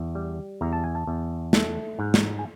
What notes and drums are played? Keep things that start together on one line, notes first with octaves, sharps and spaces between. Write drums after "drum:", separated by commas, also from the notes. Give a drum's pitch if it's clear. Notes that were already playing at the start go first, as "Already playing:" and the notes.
Already playing: E2
G3
E2 A#5
A5
G#5
A5
E2
A3, drum: snare
G#2
drum: snare
G#5